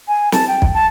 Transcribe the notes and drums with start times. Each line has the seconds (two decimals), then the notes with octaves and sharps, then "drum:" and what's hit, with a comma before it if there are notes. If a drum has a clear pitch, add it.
0.08 G#5
0.32 A5, drum: snare
0.48 G5
0.62 drum: kick
0.74 A5